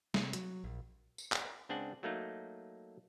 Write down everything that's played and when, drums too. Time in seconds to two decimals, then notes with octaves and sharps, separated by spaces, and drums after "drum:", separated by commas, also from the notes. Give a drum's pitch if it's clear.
0.14 C3, drum: snare
0.33 F#3, drum: hi-hat
0.64 A#1
1.18 drum: tambourine
1.32 drum: clap
1.69 C#2 C4 D4 G#4 F#5
2.03 F#3 A3 A#3 D#4